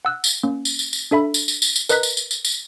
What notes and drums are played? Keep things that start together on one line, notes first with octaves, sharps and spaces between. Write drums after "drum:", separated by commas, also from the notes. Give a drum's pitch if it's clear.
F#5 E6 F#6
drum: tambourine
A#3 C#4
drum: tambourine
drum: tambourine
drum: tambourine
D4 A4 E5 B5
drum: tambourine
drum: tambourine
drum: tambourine
drum: tambourine
A#4 B4 D#5 A#5 F#6 B6, drum: tambourine
drum: tambourine
drum: tambourine
drum: tambourine
drum: tambourine